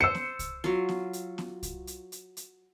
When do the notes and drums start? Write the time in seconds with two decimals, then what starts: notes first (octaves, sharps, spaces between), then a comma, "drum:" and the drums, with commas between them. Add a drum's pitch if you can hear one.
0.01 C5 E6 C#7
0.15 drum: snare B3
0.39 drum: kick C2, hi-hat
0.64 F#3 F4, drum: snare B3
0.89 drum: snare B3
1.13 drum: hi-hat
1.38 drum: snare B3
1.63 drum: kick C2, hi-hat
1.87 drum: hi-hat
2.12 drum: hi-hat
2.37 drum: hi-hat